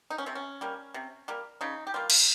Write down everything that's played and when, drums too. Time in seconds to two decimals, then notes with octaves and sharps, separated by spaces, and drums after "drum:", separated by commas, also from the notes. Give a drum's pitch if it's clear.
0.10 D#4
0.18 C#4
0.26 C3 C4
0.35 C#4
0.61 G3 A#3
0.94 C3
1.28 G3 A#3
1.61 C#3 D#4
1.87 G4
1.94 G3 A#3 F4
2.10 drum: cymbal